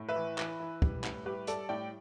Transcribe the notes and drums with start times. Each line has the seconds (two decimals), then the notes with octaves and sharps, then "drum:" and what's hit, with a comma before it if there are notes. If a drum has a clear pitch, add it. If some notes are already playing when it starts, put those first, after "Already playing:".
Already playing: A2
0.09 B4 E5
0.16 E3
0.38 E3, drum: clap
0.60 E3
0.82 G3, drum: kick
1.04 A2, drum: clap
1.25 G3 G4 B4
1.47 G3 A4 D5, drum: hi-hat
1.69 A2 D5 G5